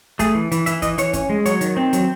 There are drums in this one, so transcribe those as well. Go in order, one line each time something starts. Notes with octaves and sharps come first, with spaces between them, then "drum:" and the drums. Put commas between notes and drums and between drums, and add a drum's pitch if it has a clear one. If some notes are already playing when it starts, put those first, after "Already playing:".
A3 G#4, drum: kick, hi-hat
E3
E3, drum: hi-hat
E3 E5, drum: hi-hat
E3 D#5, drum: kick, hi-hat
E3 C#5, drum: hi-hat
C#4, drum: kick, hi-hat
G#3
F#3 C#5, drum: hi-hat
D#3, drum: hi-hat
C4
F#3, drum: hi-hat